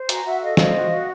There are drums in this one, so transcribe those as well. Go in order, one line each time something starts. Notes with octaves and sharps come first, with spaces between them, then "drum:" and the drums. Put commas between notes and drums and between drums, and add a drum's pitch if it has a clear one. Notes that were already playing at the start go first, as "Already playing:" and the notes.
Already playing: C5
F#4 G#5 A#5, drum: hi-hat
F#4 E5 F#5
A4 D#5 F5
C5 D#5 F5, drum: snare
F#4
F#4